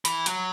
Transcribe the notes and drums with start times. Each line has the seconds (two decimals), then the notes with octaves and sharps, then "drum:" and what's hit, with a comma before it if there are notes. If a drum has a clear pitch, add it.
0.05 E3, drum: hi-hat
0.26 F#3, drum: hi-hat